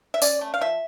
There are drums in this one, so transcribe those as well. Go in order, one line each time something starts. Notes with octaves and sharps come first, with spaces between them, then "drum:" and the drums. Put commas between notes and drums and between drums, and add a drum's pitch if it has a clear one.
E5
C#4 D5, drum: tambourine
A3
F5
F3 E5